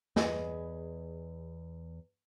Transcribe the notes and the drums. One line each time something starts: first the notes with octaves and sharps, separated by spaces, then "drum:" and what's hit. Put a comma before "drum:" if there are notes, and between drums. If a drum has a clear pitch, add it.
E2 G#4 B4 D#5, drum: snare